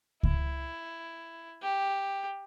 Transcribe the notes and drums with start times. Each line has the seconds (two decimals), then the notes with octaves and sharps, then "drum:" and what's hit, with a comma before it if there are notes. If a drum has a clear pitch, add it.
0.23 E4, drum: kick C#2
1.63 G4